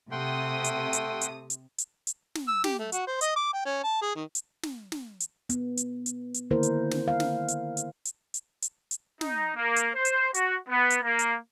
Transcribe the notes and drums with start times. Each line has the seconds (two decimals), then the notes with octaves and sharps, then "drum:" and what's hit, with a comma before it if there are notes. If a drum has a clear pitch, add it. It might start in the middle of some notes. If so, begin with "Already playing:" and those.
0.11 C3 A3 F#5 G5 C6 D#6
0.64 drum: hi-hat
0.93 drum: hi-hat
1.21 drum: hi-hat
1.50 drum: hi-hat
1.78 drum: hi-hat
2.07 drum: hi-hat
2.35 drum: snare
2.48 E6
2.64 G4, drum: snare
2.79 A3
2.92 F#4, drum: hi-hat
3.07 C5
3.21 D#5, drum: hi-hat
3.36 D6
3.53 G5
3.65 C#4
3.83 A5
4.01 G#4
4.15 D#3
4.35 drum: hi-hat
4.63 drum: snare
4.92 drum: snare
5.20 drum: hi-hat
5.49 B3, drum: hi-hat
5.77 drum: hi-hat
6.06 drum: hi-hat
6.34 drum: hi-hat
6.51 D3 D#3 A#3 E4 A#4 C5
6.63 drum: hi-hat
6.91 drum: snare
7.08 F5
7.20 drum: snare
7.48 drum: hi-hat
7.77 drum: hi-hat
8.05 drum: hi-hat
8.34 drum: hi-hat
8.62 drum: hi-hat
8.91 drum: hi-hat
9.21 D#4, drum: snare
9.55 A#3
9.76 drum: hi-hat
9.95 C5
10.05 drum: hi-hat
10.34 F#4, drum: hi-hat
10.68 B3
10.90 drum: hi-hat
11.03 A#3
11.19 drum: hi-hat